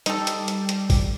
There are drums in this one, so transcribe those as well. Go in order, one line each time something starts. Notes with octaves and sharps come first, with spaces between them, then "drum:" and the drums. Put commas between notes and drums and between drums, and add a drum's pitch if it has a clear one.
G3 D#4 A4, drum: hi-hat
drum: hi-hat
drum: hi-hat
drum: hi-hat
drum: kick G#1, open hi-hat